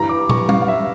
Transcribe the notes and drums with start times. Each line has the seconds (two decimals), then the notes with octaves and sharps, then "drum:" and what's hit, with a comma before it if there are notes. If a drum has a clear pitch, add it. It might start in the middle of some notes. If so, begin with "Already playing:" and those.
Already playing: G2 E3 G3 A#5
0.09 D6
0.29 C#6, drum: tom
0.49 F5, drum: tom G3
0.62 F5
0.68 E5